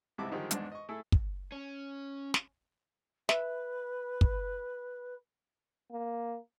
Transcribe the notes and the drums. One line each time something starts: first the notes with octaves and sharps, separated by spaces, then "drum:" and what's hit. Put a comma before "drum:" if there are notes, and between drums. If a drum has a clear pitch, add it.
C#2 G#2 C3 E4 A5 D6
D3 D#3 F3 G3 G#3
E2 G#2 G#3 D4, drum: hi-hat
D#5 C#6
A3 E4 G#4 A4
drum: kick
C#4
drum: snare
B4 E5, drum: snare
drum: kick
A#3